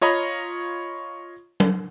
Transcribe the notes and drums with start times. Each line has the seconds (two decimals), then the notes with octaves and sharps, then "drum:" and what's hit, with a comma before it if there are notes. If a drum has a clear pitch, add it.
0.01 F4 C#5 D#5 A#5 B5 C#6
1.60 drum: tom F#3